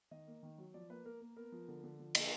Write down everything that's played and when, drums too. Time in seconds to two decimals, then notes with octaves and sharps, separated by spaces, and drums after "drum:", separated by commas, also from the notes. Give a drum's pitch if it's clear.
0.11 D#3 D#5
0.27 A#3
0.43 D#3
0.58 F#3
0.74 F3 D5
0.90 A#3 B4
1.05 A#3 A#4
1.20 A#3
1.36 B3 A#4
1.52 F3
1.68 D3
1.84 D3
1.99 F3
2.15 A#3 D#5, drum: cymbal